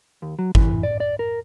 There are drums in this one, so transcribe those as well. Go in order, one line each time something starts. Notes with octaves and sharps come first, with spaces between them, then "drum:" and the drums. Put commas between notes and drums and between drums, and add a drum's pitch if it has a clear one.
D#2
F#3
E3, drum: kick
D5
D5
A#4